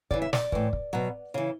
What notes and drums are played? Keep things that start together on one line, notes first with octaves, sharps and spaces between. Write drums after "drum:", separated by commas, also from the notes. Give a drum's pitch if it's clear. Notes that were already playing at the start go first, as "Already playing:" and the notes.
C#3 E3 D5, drum: kick
E5
D5, drum: snare
A2 E3, drum: kick
drum: kick
B2 F#3
C#3 E3